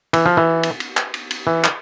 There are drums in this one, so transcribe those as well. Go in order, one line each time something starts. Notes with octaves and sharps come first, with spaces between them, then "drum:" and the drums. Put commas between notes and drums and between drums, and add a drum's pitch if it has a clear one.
E3, drum: cymbal
F3
E3
drum: cymbal
drum: cymbal
drum: clap
drum: cymbal
drum: cymbal
E3
drum: clap